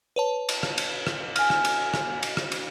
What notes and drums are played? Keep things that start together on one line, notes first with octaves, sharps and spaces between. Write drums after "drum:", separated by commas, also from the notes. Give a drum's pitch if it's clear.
B4 C#5 A5
drum: cymbal
drum: rim click
drum: cymbal
drum: rim click
G#5 F6, drum: cymbal
drum: rim click
drum: cymbal
drum: rim click
drum: cymbal
drum: rim click
drum: cymbal